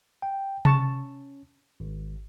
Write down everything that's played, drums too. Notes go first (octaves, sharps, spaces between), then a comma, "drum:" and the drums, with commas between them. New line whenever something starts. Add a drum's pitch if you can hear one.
G5
C#4 A5 C#6, drum: tom C3
G#1